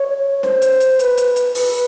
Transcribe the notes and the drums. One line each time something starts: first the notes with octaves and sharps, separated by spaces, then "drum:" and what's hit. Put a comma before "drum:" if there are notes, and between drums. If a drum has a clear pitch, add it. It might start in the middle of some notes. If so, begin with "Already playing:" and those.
Already playing: C#5
C5, drum: snare
drum: hi-hat
drum: hi-hat
B4, drum: hi-hat
drum: hi-hat
drum: hi-hat
B4, drum: open hi-hat